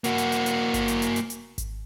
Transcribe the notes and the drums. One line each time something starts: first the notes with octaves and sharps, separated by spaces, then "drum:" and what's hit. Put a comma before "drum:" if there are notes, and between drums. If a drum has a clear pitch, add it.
A#3 F#4, drum: hi-hat
drum: hi-hat
drum: hi-hat
drum: hi-hat
drum: kick G#1, hi-hat
drum: hi-hat
drum: hi-hat
drum: hi-hat
drum: hi-hat
drum: kick G#1, hi-hat